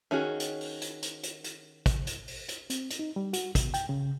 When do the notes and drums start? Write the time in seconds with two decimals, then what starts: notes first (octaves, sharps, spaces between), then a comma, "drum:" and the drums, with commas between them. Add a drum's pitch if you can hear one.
0.11 D#3 C#4 F#4 G#4
0.40 drum: hi-hat
0.61 drum: open hi-hat
0.81 drum: hi-hat
1.02 drum: hi-hat
1.23 drum: hi-hat
1.44 drum: hi-hat
1.86 drum: kick, hi-hat
2.07 drum: hi-hat
2.28 drum: open hi-hat
2.48 drum: hi-hat
2.70 C4, drum: hi-hat
2.90 drum: hi-hat
2.99 D#4
3.16 G3
3.33 F#4, drum: hi-hat
3.55 B2, drum: kick, hi-hat
3.74 G5, drum: hi-hat
3.89 C#3